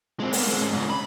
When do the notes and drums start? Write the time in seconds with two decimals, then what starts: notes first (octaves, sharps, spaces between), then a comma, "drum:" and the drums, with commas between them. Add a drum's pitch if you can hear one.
0.20 G#3 C4
0.33 A#3 B3, drum: open hi-hat
0.47 G#3 C4
0.61 G#2 C#4
0.73 G#2 C#3
0.90 B5